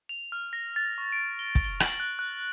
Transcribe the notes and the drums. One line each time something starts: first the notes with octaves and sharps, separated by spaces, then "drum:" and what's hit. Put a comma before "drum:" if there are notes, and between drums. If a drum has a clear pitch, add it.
F7
F6
A#6
A6
C#6
D7
G7
drum: kick
G7
F#7, drum: rim click
F#6
F#6